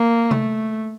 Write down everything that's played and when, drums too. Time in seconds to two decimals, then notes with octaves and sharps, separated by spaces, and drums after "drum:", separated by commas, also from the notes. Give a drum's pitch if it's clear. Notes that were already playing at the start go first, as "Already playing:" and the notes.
Already playing: A#3
0.31 A3, drum: tom C3